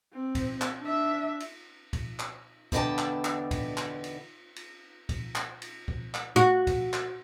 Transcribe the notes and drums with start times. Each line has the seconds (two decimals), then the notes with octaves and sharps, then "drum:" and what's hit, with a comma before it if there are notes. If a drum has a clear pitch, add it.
0.13 C4
0.35 drum: kick C#2, cymbal
0.61 drum: clap
0.81 D4 E5
1.40 drum: cymbal
1.93 drum: kick C#2, cymbal
2.19 drum: clap
2.72 E2 D3 B3 D#5 G5 A5, drum: kick C#2
2.98 drum: clap
3.25 drum: clap
3.51 drum: kick C#2, cymbal
3.77 drum: clap
4.04 drum: cymbal
4.56 drum: cymbal
5.09 drum: kick C#2, cymbal
5.35 drum: clap
5.62 drum: cymbal
5.88 drum: kick C#2
6.14 drum: clap
6.36 F#4
6.67 drum: kick C#2, cymbal
6.93 drum: clap